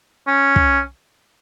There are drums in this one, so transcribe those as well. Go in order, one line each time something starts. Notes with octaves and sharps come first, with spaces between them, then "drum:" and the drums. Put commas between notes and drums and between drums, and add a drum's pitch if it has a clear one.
C#4
drum: kick